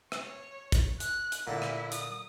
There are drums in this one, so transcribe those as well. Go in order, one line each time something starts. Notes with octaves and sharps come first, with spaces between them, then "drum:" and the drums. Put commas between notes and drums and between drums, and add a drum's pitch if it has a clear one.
C#5, drum: rim click
drum: kick, hi-hat
F#6, drum: hi-hat
drum: hi-hat
A#2 D3 E4
drum: rim click
D#6, drum: hi-hat